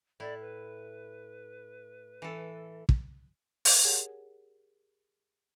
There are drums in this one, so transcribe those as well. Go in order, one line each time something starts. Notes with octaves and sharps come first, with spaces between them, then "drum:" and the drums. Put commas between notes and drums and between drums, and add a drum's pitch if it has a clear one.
A2 E4 D5
B4
E3 A4
drum: kick
drum: open hi-hat
G4 G#4 A#4 C#5 F#5 G#5